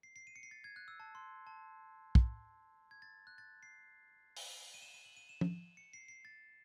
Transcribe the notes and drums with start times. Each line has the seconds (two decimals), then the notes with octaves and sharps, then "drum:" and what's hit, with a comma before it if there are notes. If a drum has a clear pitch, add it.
0.03 C7
0.16 C7
0.27 D#7
0.36 C#7
0.43 C7
0.51 A6
0.64 G#6
0.76 F#6
0.88 E6
1.00 A5
1.15 C6
1.47 A5
2.15 drum: kick
2.91 G#6
3.02 A6
3.27 F#6
3.38 A6
3.63 C7
4.37 drum: open hi-hat
4.74 D#7
4.82 E7
4.94 D#7
5.05 F#7
5.17 D#7
5.29 E7
5.41 drum: tom
5.77 C#7
5.93 C7
6.08 C7
6.25 A6